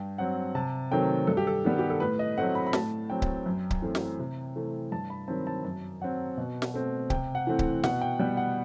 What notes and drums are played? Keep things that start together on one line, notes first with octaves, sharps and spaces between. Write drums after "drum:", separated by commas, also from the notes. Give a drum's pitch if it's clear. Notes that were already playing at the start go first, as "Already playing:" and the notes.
Already playing: G2 G5
F#3 C4 F#5
C3 A5
D#3 F#3 A3 C4 G5
G2 A4
G4
A4
D#3 G3 B3
G4
A4
A2 B4
D#5
F#3 A3 C4 F#5
B5
B5
A2 A5, drum: snare
F#3 C4 G5
drum: kick C#1
F#2
drum: kick C#1
E3 A3 C4
drum: snare
C3
E3 A3 C4
G2 A5
B5
D#3 F#3 C4 A5
A5
F#2 A5
F#3 C4 F#5
B2
drum: snare
A3 C4
C3 G5, drum: kick C#1
F#5
E3 A3 C4
drum: kick C#1
B2 F#5, drum: snare
G5
G3 B3 G5
F#5